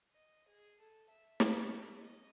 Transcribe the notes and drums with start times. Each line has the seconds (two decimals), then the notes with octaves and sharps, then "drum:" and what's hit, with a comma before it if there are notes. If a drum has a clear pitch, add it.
0.11 D#5
0.48 G#4
0.79 A4
1.10 E5
1.40 drum: snare
1.97 D#5